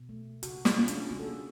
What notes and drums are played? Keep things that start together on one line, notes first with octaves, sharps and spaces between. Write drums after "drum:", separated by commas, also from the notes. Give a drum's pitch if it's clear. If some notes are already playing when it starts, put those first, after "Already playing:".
Already playing: B2
A3
C#3 F#4, drum: hi-hat
F4, drum: snare
G#3 C#4
D4, drum: hi-hat
C#3 F#4
A4
G#4